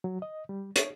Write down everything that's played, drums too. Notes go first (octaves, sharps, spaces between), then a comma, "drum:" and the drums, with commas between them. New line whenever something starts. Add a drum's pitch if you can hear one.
F#3
D#5
G3
C#5, drum: hi-hat